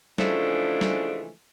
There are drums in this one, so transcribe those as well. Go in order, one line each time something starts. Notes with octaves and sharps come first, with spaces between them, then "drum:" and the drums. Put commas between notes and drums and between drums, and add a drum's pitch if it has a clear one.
C#3 E3 F3 G#3 A3 D4, drum: snare
drum: snare